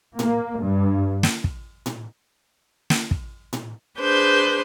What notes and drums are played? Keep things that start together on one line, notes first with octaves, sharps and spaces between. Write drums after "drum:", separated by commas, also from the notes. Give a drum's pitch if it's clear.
A#3, drum: tom A2
G2
drum: snare
drum: kick
drum: tom A2
drum: snare
drum: kick
drum: tom A2
D4 G#4 B4 C5 G6